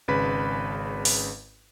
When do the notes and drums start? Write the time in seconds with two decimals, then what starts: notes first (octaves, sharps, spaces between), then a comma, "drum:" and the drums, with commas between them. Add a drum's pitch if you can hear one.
0.08 G#1 C#3 B4 B5
1.05 drum: open hi-hat